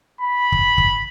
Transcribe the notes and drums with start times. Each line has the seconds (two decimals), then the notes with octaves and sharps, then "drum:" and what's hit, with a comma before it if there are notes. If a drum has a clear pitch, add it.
0.21 B5
0.52 drum: kick
0.78 drum: kick